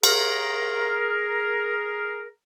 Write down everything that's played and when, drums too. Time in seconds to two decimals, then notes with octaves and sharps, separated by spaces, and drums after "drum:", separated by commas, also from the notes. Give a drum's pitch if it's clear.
0.03 G#4 A#4, drum: cymbal